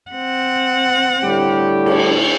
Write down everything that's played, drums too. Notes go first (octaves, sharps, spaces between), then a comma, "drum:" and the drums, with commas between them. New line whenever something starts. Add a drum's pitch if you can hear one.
C4 F#5
A2 D3 G3 G4
drum: cymbal